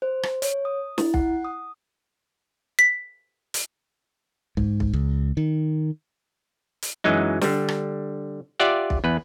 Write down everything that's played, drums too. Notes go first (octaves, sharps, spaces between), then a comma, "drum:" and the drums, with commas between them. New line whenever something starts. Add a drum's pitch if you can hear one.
C5
drum: rim click
C#5, drum: hi-hat
D#6
E4, drum: snare
F#5, drum: kick B1
D#6
B6
drum: hi-hat
G#2, drum: kick B1
drum: kick B1
C#2
D#3
drum: hi-hat
F#2 E3 F#3 G#3 D#4
D3 G3, drum: snare
drum: rim click
F4 G4 D5 E5 F#5
drum: kick B1
E2 B4